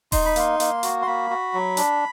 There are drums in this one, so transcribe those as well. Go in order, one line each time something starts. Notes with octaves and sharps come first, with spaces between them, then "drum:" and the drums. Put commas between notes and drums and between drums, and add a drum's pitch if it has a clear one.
D#4 C6, drum: kick D#1, open hi-hat
B5
A#3 C6, drum: hi-hat
A#3, drum: hi-hat
F#4, drum: hi-hat
C6
A#3 B5
F#4
F#3
D4, drum: hi-hat